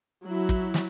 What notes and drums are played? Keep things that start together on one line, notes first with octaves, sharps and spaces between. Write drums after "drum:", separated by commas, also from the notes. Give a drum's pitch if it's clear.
F#3 E4
drum: kick
drum: snare